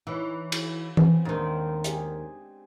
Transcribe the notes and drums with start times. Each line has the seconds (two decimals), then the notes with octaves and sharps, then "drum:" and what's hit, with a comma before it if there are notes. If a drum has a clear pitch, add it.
0.07 E3 D#4 C#5
0.52 drum: cymbal
0.97 B3 C4 G#4, drum: tom E3
1.25 D#2 D#3 G#3 D4 C5
1.84 G4 G#4, drum: hi-hat